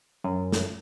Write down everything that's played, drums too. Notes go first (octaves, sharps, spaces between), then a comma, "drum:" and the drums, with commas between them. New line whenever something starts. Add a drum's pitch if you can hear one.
F#2
drum: snare